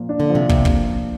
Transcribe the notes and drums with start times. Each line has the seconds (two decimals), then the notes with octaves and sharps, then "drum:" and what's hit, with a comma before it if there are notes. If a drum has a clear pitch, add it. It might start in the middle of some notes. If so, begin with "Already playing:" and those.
Already playing: A#2 F3 A#3
0.09 D4
0.20 D3
0.29 F3
0.35 C3
0.49 C3 A#3, drum: kick
0.65 drum: kick